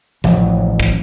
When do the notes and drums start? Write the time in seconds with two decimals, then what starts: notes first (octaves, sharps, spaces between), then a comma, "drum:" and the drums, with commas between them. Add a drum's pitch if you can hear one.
0.24 A1 F3 F#3, drum: tom C3
0.80 drum: kick